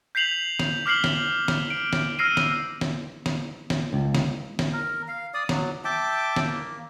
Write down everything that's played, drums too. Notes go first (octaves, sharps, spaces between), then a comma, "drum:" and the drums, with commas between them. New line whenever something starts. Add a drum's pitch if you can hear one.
G6 B6 C7 F7 F#7
drum: snare
D6 F6 B6 C7 F#7
drum: snare
drum: snare
D7
drum: snare
E6 F6 A#6 C7 D#7
drum: snare
drum: snare
drum: snare
drum: snare
C#2
drum: snare
drum: snare
A#4
F5
D5 D#6
F#3, drum: snare
E5 G5 A5 D6
drum: snare
A#3